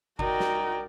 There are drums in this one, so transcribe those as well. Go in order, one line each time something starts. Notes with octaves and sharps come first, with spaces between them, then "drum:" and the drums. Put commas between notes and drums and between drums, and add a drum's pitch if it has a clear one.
D#4 F#4 A#4 D5 G5, drum: kick G1
drum: snare